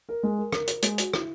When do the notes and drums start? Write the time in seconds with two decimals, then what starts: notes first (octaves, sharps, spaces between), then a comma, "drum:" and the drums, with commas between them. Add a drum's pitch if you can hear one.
0.09 A#4
0.23 G#3
0.38 A#4
0.52 A#4, drum: rim click
0.68 A#4, drum: hi-hat
0.82 G#3, drum: hi-hat
0.98 F#4, drum: hi-hat
1.14 E4, drum: rim click